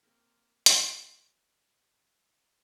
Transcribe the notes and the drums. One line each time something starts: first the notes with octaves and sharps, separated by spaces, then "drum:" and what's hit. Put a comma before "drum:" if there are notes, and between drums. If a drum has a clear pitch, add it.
A#3 C4 A#4
drum: hi-hat